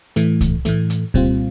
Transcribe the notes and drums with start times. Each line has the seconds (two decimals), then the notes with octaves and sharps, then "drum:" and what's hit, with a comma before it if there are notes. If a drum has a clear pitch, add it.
0.16 A2 E3 A3, drum: hi-hat
0.41 drum: kick C2, hi-hat
0.65 A2 E3 A3, drum: hi-hat
0.90 drum: hi-hat
1.14 A#2 G3 C4 F4, drum: kick C2